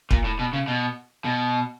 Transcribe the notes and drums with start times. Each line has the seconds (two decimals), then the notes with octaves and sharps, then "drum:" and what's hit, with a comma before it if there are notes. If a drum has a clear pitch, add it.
0.11 A#2, drum: kick
0.24 A2
0.39 B2
0.53 C#3
0.68 B2
1.25 B2